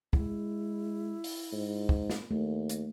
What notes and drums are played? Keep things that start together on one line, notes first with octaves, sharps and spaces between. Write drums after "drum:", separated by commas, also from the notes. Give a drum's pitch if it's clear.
G#3 E4, drum: kick
drum: open hi-hat
G#2
drum: kick
drum: snare
D#2 A3
drum: hi-hat